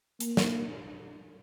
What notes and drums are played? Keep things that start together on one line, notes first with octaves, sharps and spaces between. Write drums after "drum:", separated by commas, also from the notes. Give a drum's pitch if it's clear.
A#3, drum: hi-hat
drum: snare